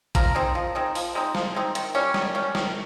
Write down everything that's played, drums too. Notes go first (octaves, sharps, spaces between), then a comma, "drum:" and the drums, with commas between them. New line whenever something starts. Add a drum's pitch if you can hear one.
F3 A#4, drum: kick, hi-hat
G#3 C4 D#4
F3
G#3 C4 D#4
F3, drum: open hi-hat
G#3 C4 D#4
F3, drum: snare
G#3 C4 D#4
D#3, drum: hi-hat
G3 C#4
D#3, drum: snare
G3 C#4
D#3, drum: snare